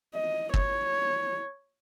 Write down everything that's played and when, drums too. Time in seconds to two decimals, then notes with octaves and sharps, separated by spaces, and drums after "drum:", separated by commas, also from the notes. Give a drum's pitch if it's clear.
0.15 D#5
0.54 C#5, drum: kick